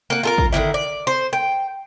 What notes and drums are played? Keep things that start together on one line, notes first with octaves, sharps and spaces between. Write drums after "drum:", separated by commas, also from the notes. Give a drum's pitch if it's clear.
A#3 F#4
F4 A4 A#4
drum: kick
D3 D#3 A#3 E4
D5
C5
G5, drum: rim click